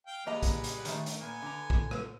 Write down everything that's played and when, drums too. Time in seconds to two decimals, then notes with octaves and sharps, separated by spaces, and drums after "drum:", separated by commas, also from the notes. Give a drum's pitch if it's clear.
0.07 F5 G5
0.26 G3 G#3 A#3 B4 D#5 A#5
0.43 drum: kick, hi-hat
0.64 drum: hi-hat
0.85 D#3 A3, drum: hi-hat
1.06 drum: hi-hat
1.21 A#2 B3 G#5
1.42 D3 A#5
1.70 drum: kick
1.91 drum: rim click